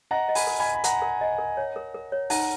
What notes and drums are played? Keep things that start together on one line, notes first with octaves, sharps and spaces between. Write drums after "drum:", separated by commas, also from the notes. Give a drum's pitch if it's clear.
D#5 F#5 A#5
D#5
G#5 B5, drum: open hi-hat
A#4
G#5 B5
D#5
B5
A#4 F#5 A#5, drum: hi-hat
A#4
D#5
A#4
C#5
A#4
A#4
C#5
D#4 F#5 A#5, drum: open hi-hat